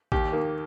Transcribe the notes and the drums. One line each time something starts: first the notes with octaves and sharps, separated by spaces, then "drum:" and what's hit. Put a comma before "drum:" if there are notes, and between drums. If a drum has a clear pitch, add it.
D#2 G4, drum: kick A1
D#3 A#3